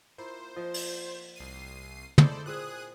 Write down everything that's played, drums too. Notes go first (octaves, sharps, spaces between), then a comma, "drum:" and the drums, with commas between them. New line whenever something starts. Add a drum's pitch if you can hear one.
A#3 E4 F4 C5
F3 F4 D#5
drum: open hi-hat
C2 C7 D#7
G#3 E4 G#4 A4 C5 D5, drum: tom
A#2 C4 G#4 E5 D#6 F#6